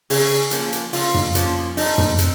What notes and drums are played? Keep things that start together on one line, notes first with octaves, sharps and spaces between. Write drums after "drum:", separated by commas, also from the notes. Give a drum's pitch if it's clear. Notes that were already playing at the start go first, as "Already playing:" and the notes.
C#3 G#4, drum: open hi-hat
F3 A#3 C#4, drum: hi-hat
drum: hi-hat
C#3 F4, drum: open hi-hat
drum: tom
F3 A#3 C#4, drum: hi-hat
F3 D#4, drum: open hi-hat
drum: tom
C4, drum: hi-hat